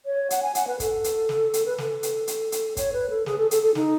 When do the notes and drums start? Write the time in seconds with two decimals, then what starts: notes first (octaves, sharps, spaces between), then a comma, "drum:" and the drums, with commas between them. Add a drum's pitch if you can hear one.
0.06 C#5
0.30 F#5, drum: hi-hat
0.43 G#5
0.55 F#5, drum: hi-hat
0.67 B4
0.80 A4, drum: kick, hi-hat
1.04 drum: hi-hat
1.29 drum: snare
1.54 drum: hi-hat
1.66 B4
1.78 A4, drum: snare
2.03 drum: hi-hat
2.27 drum: hi-hat
2.52 drum: hi-hat
2.77 C#5, drum: kick, hi-hat
2.93 B4
3.10 A4
3.26 G#4, drum: snare
3.38 A4
3.51 A4, drum: hi-hat
3.63 A4
3.75 D#4, drum: snare